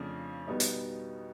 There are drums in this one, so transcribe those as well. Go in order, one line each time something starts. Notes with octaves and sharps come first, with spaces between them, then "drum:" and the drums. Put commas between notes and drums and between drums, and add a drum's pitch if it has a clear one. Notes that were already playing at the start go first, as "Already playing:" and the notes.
Already playing: F2 C#3 F3 A3 D4
B2 G3 B3 D#4
drum: hi-hat